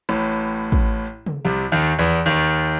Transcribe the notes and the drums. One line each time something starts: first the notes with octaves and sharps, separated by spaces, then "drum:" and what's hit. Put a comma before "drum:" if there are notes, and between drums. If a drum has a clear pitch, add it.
A1 A2
drum: kick
drum: tom C#3
C2 C3
D#2 D#3
E2 E3
D#2 D#3